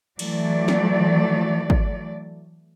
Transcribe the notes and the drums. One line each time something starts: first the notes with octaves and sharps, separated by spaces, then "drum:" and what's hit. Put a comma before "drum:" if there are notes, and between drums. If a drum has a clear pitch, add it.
E3 F#3 A3 D5, drum: cymbal
drum: snare
drum: kick